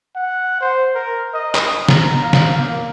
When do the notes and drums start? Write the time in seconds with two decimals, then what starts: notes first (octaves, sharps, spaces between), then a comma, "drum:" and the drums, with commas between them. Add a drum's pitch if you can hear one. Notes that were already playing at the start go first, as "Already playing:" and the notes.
0.15 F#5
0.61 C5
0.95 A#4
1.33 D#5
1.55 drum: clap
1.89 A#5, drum: snare
2.23 F5
2.33 drum: snare
2.57 A#3